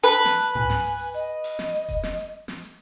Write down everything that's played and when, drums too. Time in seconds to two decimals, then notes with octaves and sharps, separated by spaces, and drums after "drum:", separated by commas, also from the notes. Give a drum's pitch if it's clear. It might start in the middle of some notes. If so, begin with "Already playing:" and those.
0.04 B4 A5
0.25 drum: snare
0.40 drum: hi-hat
0.55 G#5, drum: tom G#2
0.70 drum: snare
0.84 drum: hi-hat
0.99 drum: hi-hat
1.14 D#5, drum: hi-hat
1.44 drum: open hi-hat
1.59 drum: snare
1.74 drum: hi-hat
1.89 drum: kick E1, hi-hat
2.03 drum: snare
2.18 drum: hi-hat
2.48 drum: snare
2.63 drum: hi-hat